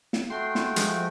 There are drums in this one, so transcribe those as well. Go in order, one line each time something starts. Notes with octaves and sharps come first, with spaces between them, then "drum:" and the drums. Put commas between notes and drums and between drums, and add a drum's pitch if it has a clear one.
drum: snare
A3 F#4 G5 C6
drum: snare
F3 G#3, drum: hi-hat